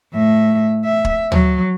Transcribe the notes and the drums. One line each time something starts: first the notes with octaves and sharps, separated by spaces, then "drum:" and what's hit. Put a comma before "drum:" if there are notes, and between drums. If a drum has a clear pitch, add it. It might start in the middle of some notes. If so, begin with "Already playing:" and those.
A2 E5
E5
drum: kick
F#3, drum: tom